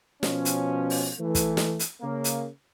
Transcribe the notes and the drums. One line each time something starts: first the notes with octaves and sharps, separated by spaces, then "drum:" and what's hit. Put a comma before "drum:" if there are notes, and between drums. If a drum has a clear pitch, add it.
B2 F3 C#4, drum: snare
drum: hi-hat
drum: open hi-hat
E3 A3
drum: kick, hi-hat
drum: snare
drum: hi-hat
C#3 A#3
drum: hi-hat